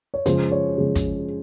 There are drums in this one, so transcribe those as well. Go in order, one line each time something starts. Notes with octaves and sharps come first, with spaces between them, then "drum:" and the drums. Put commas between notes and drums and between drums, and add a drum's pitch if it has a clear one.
C#5
C#3 F3 G#3 C5, drum: hi-hat
C#5
C#3 F3 G#3
drum: kick, hi-hat